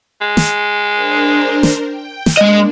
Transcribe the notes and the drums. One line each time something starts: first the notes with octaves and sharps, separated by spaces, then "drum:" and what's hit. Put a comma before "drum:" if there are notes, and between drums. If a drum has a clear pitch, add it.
G#3
drum: snare
D4 A#4 C5
drum: snare
G5
drum: snare
G#3 A#3 D4 D#5